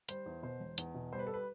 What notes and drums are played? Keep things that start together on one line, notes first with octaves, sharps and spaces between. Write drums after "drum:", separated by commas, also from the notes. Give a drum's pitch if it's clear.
G3 C5, drum: hi-hat
E2
B2 C5
E1
E2, drum: hi-hat
B2
G3 C5
B4
A4
B4